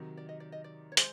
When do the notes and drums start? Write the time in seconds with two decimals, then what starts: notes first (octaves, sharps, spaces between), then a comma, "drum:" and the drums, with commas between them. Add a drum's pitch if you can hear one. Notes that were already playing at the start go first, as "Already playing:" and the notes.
Already playing: C3 D#3 F#3
0.17 D5
0.29 D#5
0.40 D5
0.52 D#5
0.64 D5
0.92 C#5
0.97 G#3 C5, drum: hi-hat